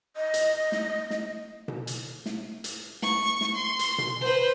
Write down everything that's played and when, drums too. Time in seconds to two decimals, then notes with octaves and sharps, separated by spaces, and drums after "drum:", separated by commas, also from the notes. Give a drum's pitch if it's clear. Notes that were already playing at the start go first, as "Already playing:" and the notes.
0.17 D#5
0.34 drum: hi-hat
0.72 drum: snare
1.10 drum: snare
1.68 drum: tom B2
1.87 drum: hi-hat
2.26 drum: snare
2.64 drum: hi-hat
3.02 C#6, drum: snare
3.41 drum: snare
3.55 C6
3.79 drum: hi-hat
3.98 drum: tom B2
4.21 B4 C5